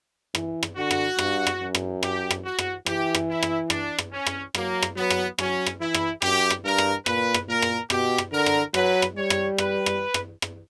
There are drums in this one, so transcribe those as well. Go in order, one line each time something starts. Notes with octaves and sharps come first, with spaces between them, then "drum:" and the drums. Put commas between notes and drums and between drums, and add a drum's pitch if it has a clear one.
E3, drum: rim click
drum: rim click
D3 F#4
drum: rim click
G2, drum: rim click
drum: rim click
F#2
drum: rim click
G4, drum: rim click
drum: rim click
F#4
drum: rim click
E3 G4, drum: rim click
drum: rim click
E4
drum: rim click
D4, drum: rim click
drum: rim click
C#4
drum: rim click
F#3 A#3, drum: rim click
drum: rim click
F#3 B3
drum: rim click
F#3 C#4, drum: rim click
drum: rim click
E3 E4
drum: rim click
F#2 G4, drum: rim click
drum: rim click
G2 A#4
drum: rim click
A#2 B4, drum: rim click
drum: rim click
A#2 A#4
drum: rim click
B2 G4, drum: rim click
drum: rim click
D3 A#4
drum: rim click
F#3 B4, drum: rim click
drum: rim click
G3 C#5
drum: rim click
B4, drum: rim click
drum: rim click
drum: rim click
drum: rim click